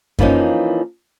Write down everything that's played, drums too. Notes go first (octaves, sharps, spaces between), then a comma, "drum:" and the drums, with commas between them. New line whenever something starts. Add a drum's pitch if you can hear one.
E3 F3 A#3 C#4 D#4, drum: kick F#2